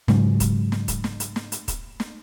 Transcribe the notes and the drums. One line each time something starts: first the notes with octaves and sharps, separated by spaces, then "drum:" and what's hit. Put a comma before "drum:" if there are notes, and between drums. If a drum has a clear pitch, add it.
G#2 C#3 F#3 G#3, drum: snare
drum: kick, hi-hat
drum: snare
drum: kick, hi-hat
drum: snare
drum: hi-hat
drum: snare
drum: hi-hat
drum: kick, hi-hat
drum: snare